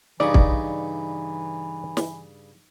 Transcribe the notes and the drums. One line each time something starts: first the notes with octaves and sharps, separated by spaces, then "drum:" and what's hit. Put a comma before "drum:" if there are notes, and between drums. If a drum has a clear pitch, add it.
G2 C#3 E3 D#4 D5 C#6
drum: kick
drum: snare